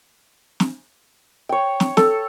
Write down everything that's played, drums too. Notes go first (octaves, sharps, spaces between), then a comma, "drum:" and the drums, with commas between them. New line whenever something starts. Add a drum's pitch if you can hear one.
drum: snare
C#5 G5
drum: snare
A4, drum: snare